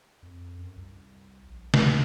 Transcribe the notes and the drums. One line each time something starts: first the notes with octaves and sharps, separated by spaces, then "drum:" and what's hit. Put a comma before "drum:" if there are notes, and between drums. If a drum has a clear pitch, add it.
F2
F#2
C2
A#1
D#2, drum: snare